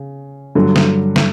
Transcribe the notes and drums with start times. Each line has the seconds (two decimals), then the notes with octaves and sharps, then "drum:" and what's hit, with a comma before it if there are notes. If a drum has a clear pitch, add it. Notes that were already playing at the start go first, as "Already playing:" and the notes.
Already playing: C#3
0.55 G2 D3 F#3
0.76 drum: snare
1.16 drum: snare